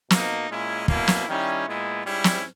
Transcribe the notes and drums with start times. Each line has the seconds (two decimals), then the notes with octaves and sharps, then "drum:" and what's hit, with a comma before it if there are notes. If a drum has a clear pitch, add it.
0.10 B2 A#3 D#4, drum: snare
0.50 A#2 G#3 C#4 E4
0.88 B2 A#3 C#4 E4, drum: kick
1.08 drum: snare
1.27 D#3 G3 C#4 E4
1.66 A#2 G#3 B3 E4
2.05 G#2 G3 C#4 E4
2.24 drum: snare